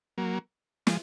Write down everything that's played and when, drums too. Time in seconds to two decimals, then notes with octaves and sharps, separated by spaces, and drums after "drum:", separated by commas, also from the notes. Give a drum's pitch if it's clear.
0.18 F#3 A#3
0.87 F3 G#3, drum: snare